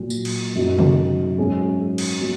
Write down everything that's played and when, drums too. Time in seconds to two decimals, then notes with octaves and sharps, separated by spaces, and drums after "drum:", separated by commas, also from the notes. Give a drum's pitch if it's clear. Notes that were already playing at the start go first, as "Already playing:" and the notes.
Already playing: A#2 F#3 A#3
0.10 drum: tambourine
0.25 drum: cymbal
0.55 F#2 F#3 D#4 F#4
0.79 drum: tom C3
1.38 G#2 F#3 C#4 G#4
1.98 drum: cymbal
2.21 F#3